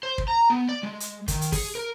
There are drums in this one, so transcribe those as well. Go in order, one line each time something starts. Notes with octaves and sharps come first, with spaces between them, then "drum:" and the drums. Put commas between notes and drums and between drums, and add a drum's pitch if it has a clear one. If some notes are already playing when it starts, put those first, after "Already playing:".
C5
drum: kick
A#5
B3
D5
G#3
drum: hi-hat
D#3, drum: kick, hi-hat
drum: hi-hat
G#4, drum: kick, open hi-hat
A#4